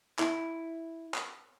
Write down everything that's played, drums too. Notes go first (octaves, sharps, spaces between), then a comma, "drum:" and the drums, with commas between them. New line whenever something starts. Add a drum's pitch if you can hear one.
E4, drum: clap
drum: clap